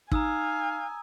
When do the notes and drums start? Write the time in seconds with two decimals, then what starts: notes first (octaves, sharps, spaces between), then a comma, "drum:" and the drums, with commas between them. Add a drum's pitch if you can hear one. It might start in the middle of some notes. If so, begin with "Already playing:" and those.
0.12 D#4 F5 G#5 A#5 D#6 E6, drum: kick